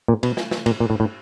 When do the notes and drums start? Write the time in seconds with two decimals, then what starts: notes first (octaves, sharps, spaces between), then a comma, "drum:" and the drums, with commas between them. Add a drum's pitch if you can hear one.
0.08 A#2
0.23 B2, drum: cymbal
0.37 drum: snare
0.51 drum: snare
0.66 A#2, drum: cymbal
0.80 A#2
0.90 A2
1.00 A2